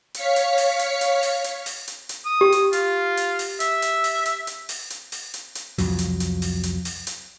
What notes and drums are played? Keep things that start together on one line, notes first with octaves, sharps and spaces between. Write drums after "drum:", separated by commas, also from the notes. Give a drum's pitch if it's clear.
C#5 F5 B6 C#7, drum: hi-hat
drum: hi-hat
drum: open hi-hat
drum: hi-hat
drum: hi-hat
drum: open hi-hat
drum: hi-hat
drum: open hi-hat
drum: hi-hat
drum: hi-hat
D#6
G4
drum: hi-hat
F4, drum: hi-hat
drum: hi-hat
drum: open hi-hat
E5, drum: hi-hat
drum: hi-hat
drum: open hi-hat
drum: hi-hat
drum: hi-hat
drum: open hi-hat
drum: hi-hat
drum: open hi-hat
drum: hi-hat
drum: hi-hat
C2 F2 F3 F#3, drum: open hi-hat
drum: hi-hat
drum: hi-hat
drum: open hi-hat
drum: hi-hat
drum: open hi-hat
drum: hi-hat